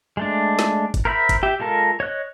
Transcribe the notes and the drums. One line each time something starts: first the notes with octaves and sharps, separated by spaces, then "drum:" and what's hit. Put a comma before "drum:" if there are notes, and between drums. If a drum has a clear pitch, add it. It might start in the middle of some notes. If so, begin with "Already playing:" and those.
G#3 A3 D4
drum: snare
drum: kick G1, hi-hat
A#4 C5 E5 F5 B5
drum: kick G1, hi-hat
G4 E5
G#3 F4 A4 A#4
C#5 D#5 F#6